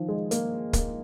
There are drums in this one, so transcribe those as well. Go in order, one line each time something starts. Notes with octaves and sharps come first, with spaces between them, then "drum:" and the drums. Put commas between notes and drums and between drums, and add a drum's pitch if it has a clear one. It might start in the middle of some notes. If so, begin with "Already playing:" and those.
Already playing: D#3 F3
G#3
A#3, drum: hi-hat
A#3, drum: kick, hi-hat